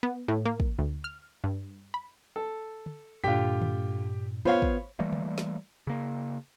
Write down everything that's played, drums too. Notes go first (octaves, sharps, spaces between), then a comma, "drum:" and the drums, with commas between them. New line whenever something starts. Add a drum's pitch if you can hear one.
B3
A2
A#3
drum: kick
D2
F6
G2
B5
A4
drum: tom
G2 A#2 D3 F4 G4 G5 B6
drum: tom
B3 F4 C5 C#5 F5 B5
drum: kick
E3 G3 A3 A#3
drum: tom
drum: snare
C#3 A#3